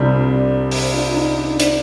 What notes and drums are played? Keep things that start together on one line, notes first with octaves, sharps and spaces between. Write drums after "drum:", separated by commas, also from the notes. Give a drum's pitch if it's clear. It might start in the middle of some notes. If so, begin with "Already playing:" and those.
Already playing: C2 C3 G3 C4 D4 F4
drum: open hi-hat
D4 F4
D#4
D4
D4, drum: hi-hat